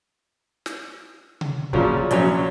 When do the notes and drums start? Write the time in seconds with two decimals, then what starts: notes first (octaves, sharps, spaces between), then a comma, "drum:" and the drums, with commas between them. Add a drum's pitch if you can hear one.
0.66 drum: snare
1.41 drum: tom C3
1.73 A#2 C#3 F3 F#3, drum: kick
2.11 A#1 F#3 C#4, drum: hi-hat